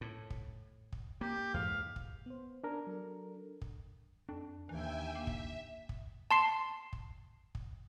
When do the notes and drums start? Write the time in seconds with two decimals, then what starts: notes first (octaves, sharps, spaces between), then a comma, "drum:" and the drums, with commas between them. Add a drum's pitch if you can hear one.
0.01 A2
0.30 drum: kick
0.92 drum: kick
1.21 A#3 G4
1.54 E2 G#2 F5
1.96 drum: kick
2.26 B3 C5
2.64 D4 A#4 G#5
2.87 F#3 A4
3.62 drum: kick
4.29 F2 D4
4.69 D#2 E3 E5 G5 G#5
5.15 A#3 E5
5.27 drum: kick
5.89 drum: kick
6.31 A5 C6 C7
6.93 drum: kick
7.55 drum: kick